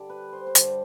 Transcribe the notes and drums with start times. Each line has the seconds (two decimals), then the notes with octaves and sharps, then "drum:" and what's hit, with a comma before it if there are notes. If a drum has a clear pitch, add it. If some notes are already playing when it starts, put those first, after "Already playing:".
Already playing: G2 D3 G3 D5
0.09 B4
0.33 C5
0.47 C5
0.55 G2 D3 G3 D5, drum: hi-hat